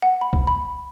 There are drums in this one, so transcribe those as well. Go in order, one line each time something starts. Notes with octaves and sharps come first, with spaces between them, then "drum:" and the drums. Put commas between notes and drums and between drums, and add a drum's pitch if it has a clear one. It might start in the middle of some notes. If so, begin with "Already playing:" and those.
F#5
B5
drum: kick
B5